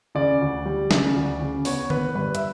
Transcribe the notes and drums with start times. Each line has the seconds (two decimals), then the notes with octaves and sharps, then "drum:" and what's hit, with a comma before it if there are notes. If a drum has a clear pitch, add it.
0.15 C#3 D5
0.41 D2
0.66 G3
0.91 C#3, drum: snare
1.16 D2
1.40 C#3
1.65 B3 C#5, drum: open hi-hat
1.90 B3 B4, drum: tom D3
2.15 G2 B4
2.35 E5, drum: hi-hat